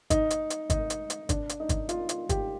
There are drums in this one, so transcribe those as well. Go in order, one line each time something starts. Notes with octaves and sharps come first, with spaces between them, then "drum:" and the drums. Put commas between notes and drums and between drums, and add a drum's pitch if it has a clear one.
D#4, drum: kick, hi-hat
drum: hi-hat
drum: hi-hat
D#4, drum: kick, hi-hat
drum: hi-hat
drum: hi-hat
D4, drum: kick, hi-hat
drum: hi-hat
D#4
drum: kick, hi-hat
F4, drum: hi-hat
F4, drum: hi-hat
G4, drum: kick, hi-hat